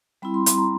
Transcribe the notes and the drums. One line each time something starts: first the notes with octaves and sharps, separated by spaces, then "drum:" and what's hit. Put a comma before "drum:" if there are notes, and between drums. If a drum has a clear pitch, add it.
G3 C4 E4 B5
C6
C6, drum: hi-hat
A#5